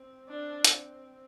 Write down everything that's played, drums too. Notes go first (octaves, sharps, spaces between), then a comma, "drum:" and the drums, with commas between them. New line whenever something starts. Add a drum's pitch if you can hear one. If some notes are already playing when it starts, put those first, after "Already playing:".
Already playing: C4
D4
drum: hi-hat